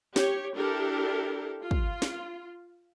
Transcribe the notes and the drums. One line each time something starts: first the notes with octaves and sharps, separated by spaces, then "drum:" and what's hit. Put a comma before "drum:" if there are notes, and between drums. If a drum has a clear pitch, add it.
G4 C#5, drum: snare
D4 E4 G4 A4 A#4
F4
drum: kick
drum: snare